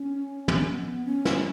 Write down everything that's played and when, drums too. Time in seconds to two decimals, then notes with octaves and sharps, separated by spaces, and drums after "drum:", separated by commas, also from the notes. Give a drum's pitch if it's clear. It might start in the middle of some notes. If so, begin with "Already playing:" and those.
Already playing: C#4
0.48 drum: tom
0.67 B3
1.05 C#4
1.25 drum: snare